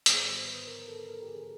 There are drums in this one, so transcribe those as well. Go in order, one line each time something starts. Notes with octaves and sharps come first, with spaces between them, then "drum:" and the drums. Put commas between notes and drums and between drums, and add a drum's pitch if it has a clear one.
G#2 D#3 G3 B3 C5, drum: hi-hat
C5
B4
A#4
A4
A#4
G4
G#4